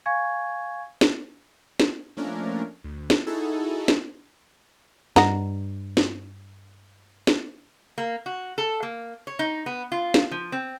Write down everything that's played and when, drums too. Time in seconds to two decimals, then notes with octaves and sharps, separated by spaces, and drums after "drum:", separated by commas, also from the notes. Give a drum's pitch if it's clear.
0.06 F5 G#5 C#6 G#6
1.01 drum: snare
1.80 drum: snare
2.17 F3 A3 A#3 C#4 D4 A#4
2.84 D2
3.10 drum: snare
3.26 D#4 E4 F#4 G#4 A4
3.88 drum: snare
5.16 G2 D#5 F#5 A#5, drum: snare
5.97 drum: snare
7.27 drum: snare
7.98 A#3
8.26 F#4
8.58 A4
8.83 A#3
9.27 C#5
9.39 D#4
9.66 B3
9.92 F4
10.14 drum: snare
10.31 F3
10.52 C4